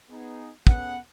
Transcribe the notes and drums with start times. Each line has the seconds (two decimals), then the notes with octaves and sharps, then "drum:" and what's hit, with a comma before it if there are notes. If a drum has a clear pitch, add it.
0.11 B3 D#4 G#4
0.67 B3 C#4 G#4 A4 B4 F#5, drum: kick